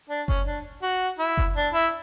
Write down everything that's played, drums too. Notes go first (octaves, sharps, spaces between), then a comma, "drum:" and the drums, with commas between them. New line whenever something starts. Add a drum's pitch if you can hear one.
D4
C#4, drum: kick F#1
D4
F#4
E4
drum: kick F#1
D4
E4